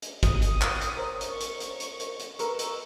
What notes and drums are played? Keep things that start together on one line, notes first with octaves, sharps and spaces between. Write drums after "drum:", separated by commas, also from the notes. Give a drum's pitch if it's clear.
drum: hi-hat
D#6, drum: kick, hi-hat
drum: hi-hat
drum: clap
drum: hi-hat
A#4 C5 C#5
drum: hi-hat
C#6
drum: hi-hat
drum: hi-hat
drum: hi-hat
drum: hi-hat
drum: hi-hat
A#4 B4 C#6 E6, drum: hi-hat
drum: hi-hat